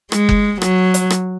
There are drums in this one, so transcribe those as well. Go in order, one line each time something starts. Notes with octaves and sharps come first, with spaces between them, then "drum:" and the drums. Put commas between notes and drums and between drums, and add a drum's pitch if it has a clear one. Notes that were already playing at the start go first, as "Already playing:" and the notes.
G#3, drum: rim click
drum: kick F#1
F#3, drum: rim click
drum: hi-hat
drum: rim click